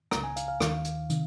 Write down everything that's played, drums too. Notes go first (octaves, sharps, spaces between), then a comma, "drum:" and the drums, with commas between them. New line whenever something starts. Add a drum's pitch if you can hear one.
C#2 C#3 A#5, drum: rim click
G#5
F5, drum: hi-hat
F5
D#2 D#3, drum: rim click
drum: hi-hat
C3 D#3, drum: hi-hat